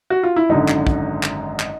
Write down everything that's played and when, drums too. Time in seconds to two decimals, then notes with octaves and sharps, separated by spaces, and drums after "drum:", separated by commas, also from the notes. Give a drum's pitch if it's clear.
0.10 F#4
0.23 F4
0.36 E4
0.49 G#1 F#2 D3 D#4
0.68 drum: clap
0.87 drum: kick
1.23 drum: clap
1.60 drum: clap